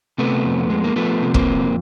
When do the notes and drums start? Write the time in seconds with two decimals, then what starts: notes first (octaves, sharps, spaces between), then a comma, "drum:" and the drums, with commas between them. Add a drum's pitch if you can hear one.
0.18 C3 A3 B3
0.44 F2
0.70 G#3
0.84 A#3
0.96 F3 A3 B3
1.22 C3
1.34 A#3 C4, drum: kick
1.48 F2